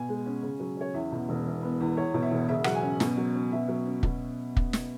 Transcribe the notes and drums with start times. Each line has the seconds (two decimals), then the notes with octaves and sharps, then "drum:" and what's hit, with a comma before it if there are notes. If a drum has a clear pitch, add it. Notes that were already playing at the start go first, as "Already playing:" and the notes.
Already playing: B2 G#5
0.09 G#3
0.26 C#4
0.42 C#3
0.60 F#3
0.77 C#4 C#5
0.94 E2 E5
1.12 B2
1.29 E1
1.45 E3
1.63 B3
1.81 E2
1.97 E2 C#5
2.14 B2
2.22 E5
2.32 E1
2.49 C#3 E5
2.64 F#3 F#5, drum: rim click
2.75 G#5
2.83 C#4
3.00 B2, drum: snare
3.17 F#3
3.35 C#4
3.52 B2 E5
3.68 F#3
3.86 C#4
4.03 B2, drum: kick
4.57 drum: kick
4.73 drum: snare